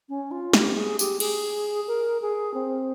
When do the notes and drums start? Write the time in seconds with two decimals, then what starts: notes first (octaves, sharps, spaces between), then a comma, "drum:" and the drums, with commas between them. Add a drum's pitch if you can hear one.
0.09 C#4
0.31 F4
0.53 G4, drum: snare
0.77 G#4
0.99 G4, drum: tambourine
1.20 G#4, drum: cymbal
1.88 A#4
2.22 G#4
2.54 C4